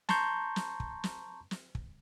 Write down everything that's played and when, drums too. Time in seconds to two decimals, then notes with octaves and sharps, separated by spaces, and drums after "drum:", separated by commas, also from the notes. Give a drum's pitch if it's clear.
0.09 A5 A#5 C6 C#6 G6, drum: snare
0.56 drum: snare
0.80 drum: kick
1.04 drum: snare
1.51 drum: snare
1.75 drum: kick